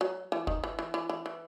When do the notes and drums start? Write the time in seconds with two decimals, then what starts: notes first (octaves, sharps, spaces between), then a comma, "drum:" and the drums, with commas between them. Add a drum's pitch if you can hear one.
0.01 F#3
0.32 E3
0.47 D#3, drum: kick
0.64 E3
0.79 E3
0.94 E3
1.09 E3
1.26 E3